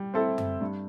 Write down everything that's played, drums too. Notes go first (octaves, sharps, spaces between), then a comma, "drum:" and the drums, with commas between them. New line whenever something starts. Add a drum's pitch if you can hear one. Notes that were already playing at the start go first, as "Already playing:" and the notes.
Already playing: G3
C4 E4 A4
drum: tom F#2
G2